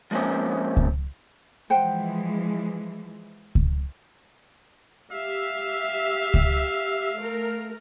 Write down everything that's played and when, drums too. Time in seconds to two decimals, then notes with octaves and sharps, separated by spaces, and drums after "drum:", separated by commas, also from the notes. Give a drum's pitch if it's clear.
0.11 F3 G#3 A#3 C4 C#4
0.77 drum: kick C#2
1.70 E3 F3 G#3 C5 F#5 G5
3.55 drum: kick C#2
5.12 G4 E5 F5
6.34 drum: kick C#2
7.17 A3 A#4